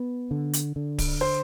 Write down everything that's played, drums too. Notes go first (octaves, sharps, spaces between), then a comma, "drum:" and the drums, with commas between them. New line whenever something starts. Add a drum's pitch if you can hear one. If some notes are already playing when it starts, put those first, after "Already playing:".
Already playing: B3
D3
drum: hi-hat
D3
drum: kick D1, open hi-hat
C5